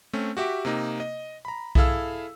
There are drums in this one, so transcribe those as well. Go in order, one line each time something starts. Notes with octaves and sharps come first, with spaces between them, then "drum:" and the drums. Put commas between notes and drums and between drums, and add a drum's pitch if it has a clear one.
A3 C4 C#4
F#4 G4 E5 D6
C3 A#3 D#4
D#5
A#5 B5
E4 G#4 A4 F5 E6, drum: kick B1